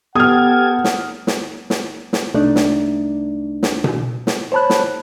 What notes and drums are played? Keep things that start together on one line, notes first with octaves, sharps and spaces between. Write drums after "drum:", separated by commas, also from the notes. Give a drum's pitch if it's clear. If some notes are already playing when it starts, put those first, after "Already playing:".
B3 G4 A4 F#5 D#6 F6 G#6
drum: snare
drum: snare
drum: snare
drum: snare
C2 A3 D4 D#4 D5
drum: snare
drum: snare
drum: tom B2
drum: snare
C5 C#5 A5 B5 F#6
drum: snare